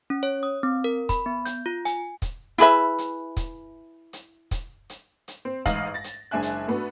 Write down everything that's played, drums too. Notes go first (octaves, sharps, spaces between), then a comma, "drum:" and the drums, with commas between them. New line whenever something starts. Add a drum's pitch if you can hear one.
C#4
C#5
D#6
C4
A#4
B5, drum: kick, hi-hat
B3
G6, drum: hi-hat
F4
G#5, drum: hi-hat
drum: kick, hi-hat
E4 G#4 B4 E5, drum: hi-hat
drum: hi-hat
drum: kick, hi-hat
drum: hi-hat
drum: kick, hi-hat
drum: hi-hat
drum: hi-hat
C4
A1 G#2 D#5 F5 F6 F#7, drum: kick, hi-hat
A6 A#6
drum: hi-hat
F#1 G#3 D4 E5 G#5 F#6
drum: hi-hat
A3 B3 D4 F#4